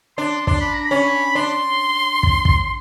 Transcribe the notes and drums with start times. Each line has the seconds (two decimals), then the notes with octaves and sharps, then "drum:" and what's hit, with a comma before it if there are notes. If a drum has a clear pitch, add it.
0.17 D4 C6
0.47 D4 C6, drum: kick
0.61 B5
0.75 A#5
0.87 C#4 B5
1.35 D4 C6
2.23 drum: kick
2.45 drum: kick